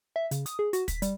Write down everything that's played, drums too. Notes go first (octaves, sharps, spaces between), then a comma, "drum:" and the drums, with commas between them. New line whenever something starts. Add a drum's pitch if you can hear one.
E5
C#3, drum: hi-hat
D#6, drum: hi-hat
G#4
F#4, drum: hi-hat
B6, drum: kick, hi-hat
G3, drum: hi-hat